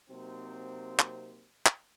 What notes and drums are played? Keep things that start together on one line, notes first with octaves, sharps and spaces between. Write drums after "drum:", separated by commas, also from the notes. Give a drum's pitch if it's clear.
C3 F#3 A#3 C4 D#4 C5
drum: clap
drum: clap